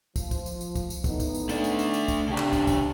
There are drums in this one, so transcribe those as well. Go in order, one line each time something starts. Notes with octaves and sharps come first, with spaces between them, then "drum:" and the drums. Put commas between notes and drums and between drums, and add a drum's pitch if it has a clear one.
F3, drum: kick, tambourine
drum: kick, tambourine
drum: tambourine
drum: tambourine
drum: kick, tambourine
drum: tambourine
A2 B3 D#4, drum: kick, tambourine
drum: kick, tambourine
drum: tambourine
A3 D4, drum: tambourine
drum: tambourine
drum: tambourine
drum: tambourine
drum: kick, tambourine
C#3 D4 G4
drum: clap
drum: kick, tambourine
drum: kick, tambourine